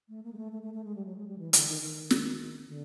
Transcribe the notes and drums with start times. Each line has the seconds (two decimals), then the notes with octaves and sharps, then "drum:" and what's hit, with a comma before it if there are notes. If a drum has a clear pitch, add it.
0.09 A3
0.23 A#3
0.33 G#3
0.38 A3
0.52 A3
0.63 A3
0.74 A3
0.84 G#3
0.95 G3
1.06 F#3
1.17 G#3
1.28 G3
1.38 E3
1.53 D3, drum: hi-hat
1.67 D#3
1.82 D#3
2.11 drum: snare
2.68 D3